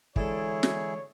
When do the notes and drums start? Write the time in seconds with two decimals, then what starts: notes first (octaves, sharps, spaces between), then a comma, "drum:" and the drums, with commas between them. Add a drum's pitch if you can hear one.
0.16 D3 E3 G#3 D4 E4 G#4 A4 C#5, drum: kick
0.63 drum: snare